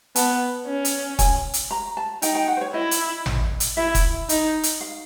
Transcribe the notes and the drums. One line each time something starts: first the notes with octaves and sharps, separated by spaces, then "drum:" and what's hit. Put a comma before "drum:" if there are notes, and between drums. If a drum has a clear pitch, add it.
B3 A5, drum: hi-hat
C#4
drum: hi-hat
G#5, drum: kick, hi-hat
drum: hi-hat
A#5
A5
D#4 G5, drum: hi-hat
G5
F#5
C5
C#5
E4 D#5
drum: hi-hat
drum: tom
drum: hi-hat
E4 E5
drum: kick, hi-hat
D#4, drum: hi-hat
drum: hi-hat
F5